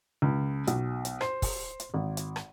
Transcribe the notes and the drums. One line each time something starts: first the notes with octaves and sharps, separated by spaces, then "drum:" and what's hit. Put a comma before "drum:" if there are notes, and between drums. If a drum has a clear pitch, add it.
C#2
B1, drum: hi-hat
drum: hi-hat
C5, drum: rim click
drum: kick, open hi-hat
drum: hi-hat
G#1
drum: hi-hat
drum: rim click